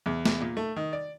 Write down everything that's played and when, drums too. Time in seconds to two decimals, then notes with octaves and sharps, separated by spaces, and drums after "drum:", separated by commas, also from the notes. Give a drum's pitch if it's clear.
0.06 E2
0.25 E2, drum: snare
0.41 A#2
0.57 A3
0.76 D#3
0.93 D5